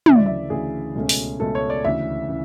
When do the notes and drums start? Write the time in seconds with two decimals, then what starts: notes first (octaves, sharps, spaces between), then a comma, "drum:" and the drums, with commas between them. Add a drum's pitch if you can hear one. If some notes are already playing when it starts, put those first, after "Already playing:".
0.06 D2 C#3 E3 E5, drum: tom
0.16 D5
0.26 E5
0.50 D2 C#3 E3 G#4
0.95 C#2 B2 A3 C#4
1.09 drum: open hi-hat
1.39 C#2 B2 A3 C#4 A4
1.55 C#5
1.70 D5
1.85 D2 C#3 E3 E5
2.29 C#3 E3